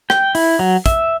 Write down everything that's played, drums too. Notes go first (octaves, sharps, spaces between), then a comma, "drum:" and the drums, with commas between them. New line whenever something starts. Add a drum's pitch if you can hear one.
G5, drum: rim click
E4, drum: open hi-hat
F#3
E5, drum: kick, hi-hat